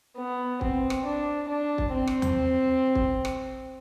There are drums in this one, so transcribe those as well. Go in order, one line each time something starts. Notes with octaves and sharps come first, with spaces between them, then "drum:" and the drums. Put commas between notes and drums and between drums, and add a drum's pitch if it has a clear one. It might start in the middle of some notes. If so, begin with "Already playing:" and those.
B3
C4, drum: kick
drum: rim click
D4
D4
drum: kick
C4
drum: rim click
drum: tom D#2
drum: kick
drum: rim click